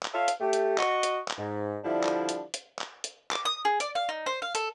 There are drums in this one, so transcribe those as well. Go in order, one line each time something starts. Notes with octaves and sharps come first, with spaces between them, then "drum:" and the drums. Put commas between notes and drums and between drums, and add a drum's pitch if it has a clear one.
drum: clap
F4 A4 C#5 E5 F5
drum: hi-hat
A3 G4
drum: hi-hat
F#4 D#5 C#6, drum: clap
drum: hi-hat
drum: clap
G#2
D3 F3 G3 D4 E4
drum: clap
drum: hi-hat
drum: hi-hat
drum: clap
drum: hi-hat
D6, drum: clap
D#6
G#4
D5, drum: hi-hat
F5
D#4
C5
F5
A4, drum: hi-hat